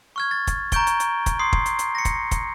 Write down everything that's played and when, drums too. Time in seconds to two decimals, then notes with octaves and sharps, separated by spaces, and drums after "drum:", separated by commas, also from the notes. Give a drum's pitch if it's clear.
0.16 C#6 F6 G#6
0.31 A6
0.47 drum: kick, hi-hat
0.72 A#5 C#6 G6 D7 G7, drum: kick, hi-hat
0.87 drum: hi-hat
1.00 drum: hi-hat
1.26 drum: kick, hi-hat
1.39 C6 D#6 C7
1.53 drum: kick
1.66 drum: hi-hat
1.79 drum: hi-hat
1.95 A#6 C#7
2.05 drum: kick, hi-hat
2.31 drum: kick, hi-hat